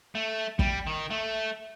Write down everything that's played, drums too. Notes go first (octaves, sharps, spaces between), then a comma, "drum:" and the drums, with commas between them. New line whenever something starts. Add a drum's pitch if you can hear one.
A3
G3, drum: kick
D#3
A3